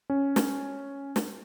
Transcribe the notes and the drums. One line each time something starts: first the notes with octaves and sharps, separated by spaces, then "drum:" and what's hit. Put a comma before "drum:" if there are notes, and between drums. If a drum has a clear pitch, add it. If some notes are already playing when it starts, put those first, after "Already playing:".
C#4
drum: snare
drum: snare